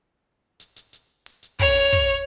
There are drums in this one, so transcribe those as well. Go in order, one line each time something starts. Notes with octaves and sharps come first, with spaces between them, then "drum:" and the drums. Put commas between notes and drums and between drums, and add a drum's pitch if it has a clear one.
drum: hi-hat
drum: hi-hat
drum: hi-hat
drum: open hi-hat
drum: hi-hat
C#5 F7, drum: kick
drum: kick, hi-hat
drum: hi-hat